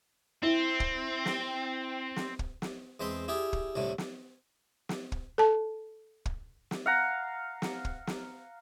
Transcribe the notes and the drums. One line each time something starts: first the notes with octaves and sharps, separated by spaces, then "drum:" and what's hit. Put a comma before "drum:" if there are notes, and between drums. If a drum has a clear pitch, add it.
C4 E4
drum: kick
drum: snare
drum: snare
drum: kick
drum: snare
E2 G#3 C4 C5 B5 C6
E4 G4 G#4 D5
drum: kick
C2 A2 D3 G3 A3
drum: snare
drum: snare
drum: kick
A4 A5
drum: kick
drum: snare
F5 F#5 A#5
drum: snare
drum: kick
drum: snare